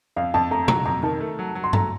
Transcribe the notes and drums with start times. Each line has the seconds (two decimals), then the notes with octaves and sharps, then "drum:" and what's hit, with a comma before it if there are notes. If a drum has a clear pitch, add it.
0.16 F2 F5
0.34 F2 A5
0.51 A3 A#5
0.68 F#3 A#5, drum: tom B2
0.85 F2 A#5
1.03 D#3 A5
1.21 A3
1.39 F#3
1.55 F#3
1.64 C6
1.73 A3 A#5, drum: tom G2